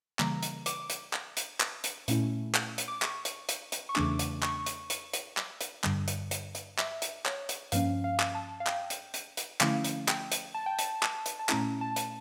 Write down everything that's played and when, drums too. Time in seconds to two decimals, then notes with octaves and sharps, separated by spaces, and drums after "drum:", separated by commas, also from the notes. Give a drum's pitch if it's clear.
0.19 C#3 E3 G3 A#3 A#5, drum: clap
0.43 drum: hi-hat
0.66 D6, drum: hi-hat
0.90 drum: hi-hat
1.13 drum: clap
1.37 drum: hi-hat
1.60 drum: clap
1.84 drum: hi-hat
2.08 A#2 A3 C#4 E4, drum: hi-hat
2.54 drum: clap
2.78 drum: hi-hat
2.88 D6
3.02 C#6, drum: clap
3.25 drum: hi-hat
3.49 drum: hi-hat
3.72 drum: hi-hat
3.89 C#6
3.96 E2 C#3 E3 A3 D4 D6, drum: clap
4.19 drum: hi-hat
4.43 C#6, drum: clap
4.66 drum: hi-hat
4.90 drum: hi-hat
5.13 drum: hi-hat
5.37 drum: clap
5.61 drum: hi-hat
5.84 G2 D3 G3, drum: clap
6.08 drum: hi-hat
6.31 drum: hi-hat
6.55 drum: hi-hat
6.78 E5, drum: clap
7.02 drum: hi-hat
7.26 C#5, drum: clap
7.49 drum: hi-hat
7.72 G2 F3 A#3 C#4 F5, drum: hi-hat
8.04 F5
8.20 drum: clap
8.35 A5
8.60 F5
8.67 G5, drum: clap
8.90 drum: hi-hat
9.14 drum: hi-hat
9.37 drum: hi-hat
9.61 D3 F3 A3 C#4 E4 F5, drum: clap
9.84 drum: hi-hat
10.08 G5, drum: clap
10.32 drum: hi-hat
10.54 A5
10.66 G5
10.79 A5, drum: hi-hat
11.03 A5, drum: clap
11.26 drum: hi-hat
11.39 A5
11.49 A#2 A3 C#4 E4 A#5, drum: clap
11.81 A5
11.96 drum: hi-hat